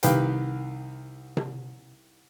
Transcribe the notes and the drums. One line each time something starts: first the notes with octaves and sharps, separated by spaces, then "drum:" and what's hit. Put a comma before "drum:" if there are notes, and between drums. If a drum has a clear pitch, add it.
C2 D#3 G4 B4 F5 G5, drum: hi-hat
drum: tom C3